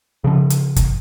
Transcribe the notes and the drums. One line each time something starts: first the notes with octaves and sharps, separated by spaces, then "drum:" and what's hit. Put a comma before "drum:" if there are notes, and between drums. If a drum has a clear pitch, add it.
C#3 F3
drum: hi-hat
drum: kick, hi-hat